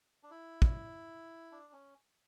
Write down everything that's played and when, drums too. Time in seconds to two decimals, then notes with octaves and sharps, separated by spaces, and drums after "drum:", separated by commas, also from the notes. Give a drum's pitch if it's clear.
0.23 D4
0.31 E4
0.62 drum: kick
1.52 D4
1.73 C#4